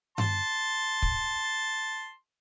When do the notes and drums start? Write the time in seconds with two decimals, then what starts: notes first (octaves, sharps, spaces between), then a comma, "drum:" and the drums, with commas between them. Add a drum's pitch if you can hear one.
0.18 A5 C6, drum: tom G2
1.02 drum: kick